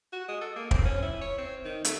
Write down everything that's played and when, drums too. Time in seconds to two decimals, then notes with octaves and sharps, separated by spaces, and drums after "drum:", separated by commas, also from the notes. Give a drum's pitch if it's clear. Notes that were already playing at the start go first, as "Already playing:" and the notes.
0.13 F#4
0.28 G#3
0.41 A4
0.56 A#3
0.71 C4, drum: kick
0.85 C#4
1.02 E4
1.21 C#5
1.38 C4
1.65 D#3
1.85 A3, drum: hi-hat